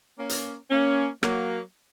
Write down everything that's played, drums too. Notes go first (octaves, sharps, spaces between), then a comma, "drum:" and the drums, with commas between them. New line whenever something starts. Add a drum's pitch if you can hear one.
A#3 C#4
drum: hi-hat
A#3 C#4
F#3 A#3, drum: rim click